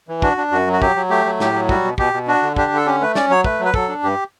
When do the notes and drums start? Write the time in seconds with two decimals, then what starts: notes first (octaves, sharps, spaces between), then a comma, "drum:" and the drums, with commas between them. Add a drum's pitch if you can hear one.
0.08 E3
0.22 D4 F#4, drum: kick
0.37 D4
0.51 F#2 F#4
0.67 F#3
0.73 F#4
0.82 F#3 G4, drum: kick
0.96 F#3
1.10 A3 G4
1.25 F#3
1.40 A2 G4, drum: snare
1.54 F#3
1.69 G3 F#4, drum: kick
1.84 B2
1.98 B2 G4, drum: kick
2.13 B2
2.27 D4 F#4
2.42 D3
2.56 D4 G4, drum: kick
2.71 D3 A4
2.86 C#4 G4
3.01 A3 B4
3.15 C#4 D5, drum: snare
3.30 F#3 C#5
3.44 A3 B4, drum: kick
3.60 F#3
3.65 B4
3.74 F#3 A4, drum: kick
3.89 D4
4.03 G2 G4